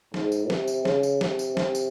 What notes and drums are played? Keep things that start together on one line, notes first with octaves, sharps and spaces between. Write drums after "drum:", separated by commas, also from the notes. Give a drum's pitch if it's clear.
G#2, drum: snare
drum: tambourine
C3, drum: snare
drum: tambourine
C#3, drum: snare
drum: tambourine
C3, drum: snare
drum: tambourine
C3, drum: snare
drum: tambourine